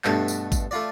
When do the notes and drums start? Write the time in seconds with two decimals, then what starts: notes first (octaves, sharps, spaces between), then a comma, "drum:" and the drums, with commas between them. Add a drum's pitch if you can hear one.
0.04 G2 B2 A3, drum: clap
0.28 drum: tambourine
0.52 drum: kick G#1, tambourine
0.71 A3 F4 D5